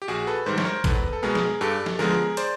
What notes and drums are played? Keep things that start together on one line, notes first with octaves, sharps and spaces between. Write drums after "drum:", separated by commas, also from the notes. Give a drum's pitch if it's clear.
G4
A#1 F#4 G#4
A4 B4
G#2 D#3 G3 A#4 C5
C#5, drum: snare
A#4 C5
E2 A4 B4, drum: kick, hi-hat
A4
B2 G#3 B3 G#4 A#4
drum: snare
G2 G4 A4
drum: snare
D3 F3 G#3 B3 G#4 A#4
C5 D5, drum: hi-hat